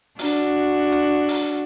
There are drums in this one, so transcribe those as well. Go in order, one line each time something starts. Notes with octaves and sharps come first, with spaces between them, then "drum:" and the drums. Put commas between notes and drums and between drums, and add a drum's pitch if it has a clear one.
D4 F#4, drum: open hi-hat
drum: hi-hat
drum: open hi-hat